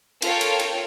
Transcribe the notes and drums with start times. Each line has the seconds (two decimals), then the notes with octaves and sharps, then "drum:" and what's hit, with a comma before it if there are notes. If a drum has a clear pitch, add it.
0.22 F4 A4 A#4 C#5 F5 G5, drum: cymbal
0.41 drum: cymbal
0.59 drum: cymbal